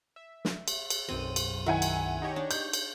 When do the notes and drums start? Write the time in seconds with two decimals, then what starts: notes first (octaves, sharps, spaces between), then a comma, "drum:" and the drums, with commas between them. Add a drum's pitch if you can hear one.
0.16 E5
0.45 drum: snare
0.68 drum: cymbal
0.90 drum: cymbal
1.09 B1 F#2 C4 D#7
1.36 drum: cymbal
1.66 D#3 E4 F#5 G#5
1.82 drum: cymbal
2.22 D#4 G4 C#5
2.36 D4
2.51 G6, drum: cymbal
2.73 drum: cymbal